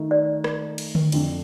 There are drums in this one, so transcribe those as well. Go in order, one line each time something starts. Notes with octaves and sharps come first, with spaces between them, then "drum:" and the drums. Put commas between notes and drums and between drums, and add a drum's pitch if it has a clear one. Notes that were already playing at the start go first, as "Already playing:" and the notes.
Already playing: D#3 A3 D#4
D5
drum: rim click
drum: cymbal
drum: tom D3
F2 D3 A3 D4, drum: cymbal